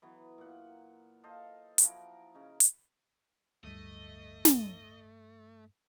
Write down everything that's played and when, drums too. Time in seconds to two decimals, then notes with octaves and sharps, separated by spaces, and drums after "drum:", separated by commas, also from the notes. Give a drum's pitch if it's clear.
0.02 E3 F#3 B3
0.38 A#2 F#5
1.23 A4 C5 D#5 F5
1.78 F3 E4 F#4 A#4, drum: hi-hat
2.34 C#3 C#4 D#4
2.60 drum: hi-hat
3.64 D1 D2 G2 G3 A3 D#5
4.45 drum: snare